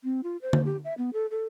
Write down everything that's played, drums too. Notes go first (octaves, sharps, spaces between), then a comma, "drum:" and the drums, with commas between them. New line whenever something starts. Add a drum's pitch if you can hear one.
C4
F4
C5
drum: tom D3
G4
E5
B3
A4
A4